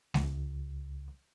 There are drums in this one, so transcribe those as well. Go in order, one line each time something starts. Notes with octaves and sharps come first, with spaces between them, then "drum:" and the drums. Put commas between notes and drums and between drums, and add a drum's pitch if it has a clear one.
C#2, drum: snare G#3